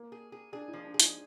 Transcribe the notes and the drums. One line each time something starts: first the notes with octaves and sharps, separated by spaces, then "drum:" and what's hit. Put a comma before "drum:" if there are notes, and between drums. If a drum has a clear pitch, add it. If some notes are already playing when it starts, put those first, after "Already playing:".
Already playing: A#3
G#4
G#4
D4 G#4
D#4
F3
D4
G#4
D#4, drum: hi-hat